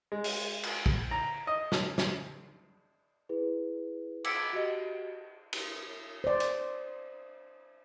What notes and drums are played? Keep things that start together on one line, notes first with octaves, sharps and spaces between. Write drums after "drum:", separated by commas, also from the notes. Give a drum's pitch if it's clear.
G#3
drum: open hi-hat
drum: cymbal
drum: kick
A#5
D#5
drum: snare
drum: snare
E4 G#4 B4
D6 E6 G#6 B6 C#7 D7, drum: cymbal
F#4 G4 D#5
drum: cymbal
C5 D5
drum: hi-hat